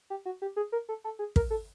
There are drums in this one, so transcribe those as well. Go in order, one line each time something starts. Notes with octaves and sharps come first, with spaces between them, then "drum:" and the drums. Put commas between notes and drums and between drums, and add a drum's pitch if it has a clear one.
G4
F#4
G4
G#4
A#4
A4
A4
G#4
A#4, drum: kick
A4